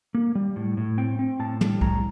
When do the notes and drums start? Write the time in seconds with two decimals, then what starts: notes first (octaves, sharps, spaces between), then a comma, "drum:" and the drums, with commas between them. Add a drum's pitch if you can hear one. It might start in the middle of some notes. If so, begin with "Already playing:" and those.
0.14 A#3
0.35 G3
0.56 A2
0.77 A2
0.98 C4 G5
1.19 C4
1.40 A2 A5
1.61 G3, drum: tom
1.81 A2 A#5, drum: kick